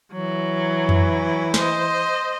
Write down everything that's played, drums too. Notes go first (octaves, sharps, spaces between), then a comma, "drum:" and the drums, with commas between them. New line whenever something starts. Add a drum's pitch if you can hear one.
E3 F#3
drum: tom F2
C5 D#5, drum: snare